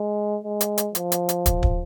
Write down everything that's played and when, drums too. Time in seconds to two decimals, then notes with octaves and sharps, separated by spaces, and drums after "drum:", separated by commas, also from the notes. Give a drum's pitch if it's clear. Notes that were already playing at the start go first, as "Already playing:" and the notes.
Already playing: G#3
0.44 G#3
0.61 drum: hi-hat
0.78 drum: hi-hat
0.95 F3, drum: hi-hat
1.12 drum: hi-hat
1.29 drum: hi-hat
1.46 drum: kick, hi-hat
1.63 drum: kick